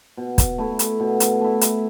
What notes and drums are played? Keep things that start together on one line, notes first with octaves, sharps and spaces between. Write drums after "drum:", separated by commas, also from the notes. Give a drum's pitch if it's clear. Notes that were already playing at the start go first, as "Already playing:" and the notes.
B2
drum: kick, hi-hat
A3 E4
drum: hi-hat
B2
drum: hi-hat
A3 E4
drum: hi-hat